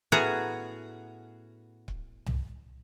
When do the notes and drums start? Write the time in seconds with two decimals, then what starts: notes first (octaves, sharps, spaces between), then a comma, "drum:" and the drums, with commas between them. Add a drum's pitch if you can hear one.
0.12 A2 B3 C#4 F#4 G#4 A#5
1.88 drum: kick C#1
2.26 drum: tom C2